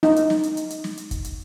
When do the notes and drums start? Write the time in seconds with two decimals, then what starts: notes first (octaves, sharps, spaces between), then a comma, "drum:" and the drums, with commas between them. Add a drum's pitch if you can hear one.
0.03 D#4, drum: snare
0.16 drum: hi-hat
0.30 drum: snare
0.43 drum: hi-hat
0.57 drum: hi-hat
0.70 drum: hi-hat
0.84 drum: snare
0.97 drum: hi-hat
1.11 drum: kick, hi-hat
1.25 drum: hi-hat